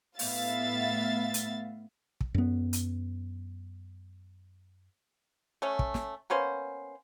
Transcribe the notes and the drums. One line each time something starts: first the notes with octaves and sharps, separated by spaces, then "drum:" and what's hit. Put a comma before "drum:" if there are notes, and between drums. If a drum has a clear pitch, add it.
A2 B3 E5 F5 A6, drum: open hi-hat
drum: hi-hat
drum: kick
F#2 B3
drum: hi-hat
A3 C#4
drum: kick
drum: snare
A#3 B3 C#4 C5